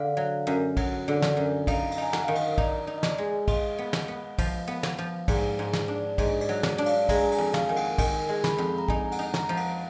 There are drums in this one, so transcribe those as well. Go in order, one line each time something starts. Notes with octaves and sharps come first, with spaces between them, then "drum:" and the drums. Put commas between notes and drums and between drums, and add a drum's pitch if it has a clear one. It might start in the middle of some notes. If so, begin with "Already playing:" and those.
Already playing: D3 F5
F#3
F#2
F#3 F#5, drum: kick, cymbal
D3
drum: snare
F#2
D#4 F5, drum: kick, cymbal
A#5, drum: cymbal
D#4 G#5
F#5, drum: snare
D#3 F5
D#5, drum: cymbal
D#4 D5, drum: kick
D#4
D#5
D5, drum: snare
G#3
F4 D#5, drum: kick, cymbal
B3
drum: snare
B3
F3, drum: kick, cymbal
B3
drum: snare
F3
G#2 D5, drum: kick, cymbal
G#2
drum: snare
D4
G#2 D#5, drum: kick, cymbal
D5, drum: cymbal
F#3
D5, drum: snare
D4
F5, drum: cymbal
G#3 A#5, drum: kick, cymbal
G#5, drum: cymbal
F2
F5, drum: snare
D#3 G#5
F#5, drum: cymbal
D#3 G#5, drum: kick, cymbal
G#3
B5, drum: snare
F2
A#5
D#4 G#5, drum: kick
F#5, drum: cymbal
D#4
A#5, drum: snare
F3
F#5, drum: cymbal